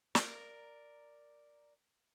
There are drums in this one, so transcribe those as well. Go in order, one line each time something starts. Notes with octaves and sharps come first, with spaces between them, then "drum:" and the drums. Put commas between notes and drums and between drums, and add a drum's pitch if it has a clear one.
A#4 D5, drum: snare